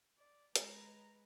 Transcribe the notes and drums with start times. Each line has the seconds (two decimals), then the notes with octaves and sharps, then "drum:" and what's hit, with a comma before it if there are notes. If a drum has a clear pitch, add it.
0.18 D5
0.56 G#3 B4 A#5, drum: hi-hat